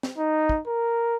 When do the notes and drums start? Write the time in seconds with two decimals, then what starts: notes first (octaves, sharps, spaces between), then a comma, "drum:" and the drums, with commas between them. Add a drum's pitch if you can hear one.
0.03 drum: snare
0.18 D#4
0.49 drum: kick
0.67 A#4